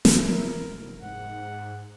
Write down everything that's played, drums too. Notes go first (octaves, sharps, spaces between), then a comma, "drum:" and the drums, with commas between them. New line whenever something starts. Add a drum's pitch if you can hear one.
E4, drum: snare
A#4
F1
G#2 F#5